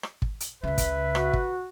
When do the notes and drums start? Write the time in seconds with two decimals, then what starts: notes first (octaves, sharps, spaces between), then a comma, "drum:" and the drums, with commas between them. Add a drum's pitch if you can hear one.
0.03 drum: rim click
0.22 drum: kick
0.40 drum: hi-hat
0.63 C#2 C#3 B4 E5
0.78 drum: kick, hi-hat
1.15 F#4, drum: rim click
1.33 drum: kick